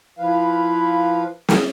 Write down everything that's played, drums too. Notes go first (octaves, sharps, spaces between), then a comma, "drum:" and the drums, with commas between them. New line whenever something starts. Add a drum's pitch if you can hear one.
F3 E4 B4 F5
drum: snare